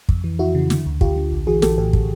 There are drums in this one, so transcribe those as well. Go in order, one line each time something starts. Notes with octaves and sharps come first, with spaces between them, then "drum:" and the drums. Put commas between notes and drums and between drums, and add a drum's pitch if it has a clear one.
F2, drum: kick
E3
F2 E4 F#4
C#3
D3, drum: snare
D2
D2 F4 G4, drum: kick
D3
A#1
E3 F#4 G#4
A#1 G4 A4, drum: snare
A2 G4 A4
drum: kick